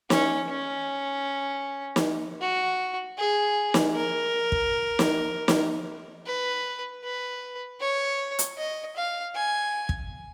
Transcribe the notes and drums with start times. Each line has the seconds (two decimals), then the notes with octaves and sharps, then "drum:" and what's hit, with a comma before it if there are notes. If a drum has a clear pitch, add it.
0.10 C#4, drum: snare
0.49 C#4
1.96 drum: snare
2.41 F#4
3.18 G#4
3.74 drum: snare
3.96 A#4
4.52 drum: kick
4.99 drum: snare
5.48 drum: snare
6.27 B4
7.04 B4
7.80 C#5
8.39 drum: hi-hat
8.58 D#5
8.96 F5
9.35 G#5
9.89 drum: kick